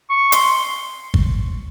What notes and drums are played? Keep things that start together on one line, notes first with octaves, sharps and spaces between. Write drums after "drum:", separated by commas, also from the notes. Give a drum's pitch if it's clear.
C#6
C6, drum: hi-hat
drum: kick